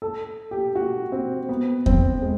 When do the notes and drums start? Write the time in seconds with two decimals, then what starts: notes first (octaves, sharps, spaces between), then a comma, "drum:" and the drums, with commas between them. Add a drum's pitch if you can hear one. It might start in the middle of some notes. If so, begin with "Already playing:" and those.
0.02 A4
0.51 G4
0.75 F#4
1.12 C4
1.49 B3
1.86 C4, drum: kick E2
2.22 G#3